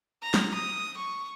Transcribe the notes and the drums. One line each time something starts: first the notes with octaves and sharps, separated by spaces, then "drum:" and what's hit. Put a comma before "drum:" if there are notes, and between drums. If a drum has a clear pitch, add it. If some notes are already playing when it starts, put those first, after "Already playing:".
A#5
drum: snare
D#6
C#6